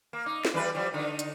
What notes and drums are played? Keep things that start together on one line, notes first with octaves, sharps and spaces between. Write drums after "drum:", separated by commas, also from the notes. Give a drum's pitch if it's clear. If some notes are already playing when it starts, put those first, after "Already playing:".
A#3
D#4
drum: snare
E3 G3 B4
F3 G3
D3 D#4
drum: hi-hat